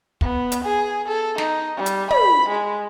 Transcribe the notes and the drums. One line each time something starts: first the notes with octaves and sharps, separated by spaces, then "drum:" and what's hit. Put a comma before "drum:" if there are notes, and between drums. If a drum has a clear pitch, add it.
B3, drum: kick
drum: hi-hat
G#4
A4
D#4, drum: snare
G3
drum: hi-hat
B5, drum: tom
G#3